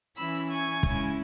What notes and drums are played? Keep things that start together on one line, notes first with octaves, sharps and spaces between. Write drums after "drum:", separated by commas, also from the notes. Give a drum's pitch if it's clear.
E3 C#4 E4 B5 E6
G#5 C#6
C#3 G#3 E4, drum: kick